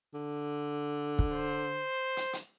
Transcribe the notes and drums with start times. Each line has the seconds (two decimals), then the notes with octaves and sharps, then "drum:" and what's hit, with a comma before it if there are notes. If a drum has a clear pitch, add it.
0.14 D3
1.19 drum: kick
1.31 C5
2.17 drum: hi-hat
2.33 drum: hi-hat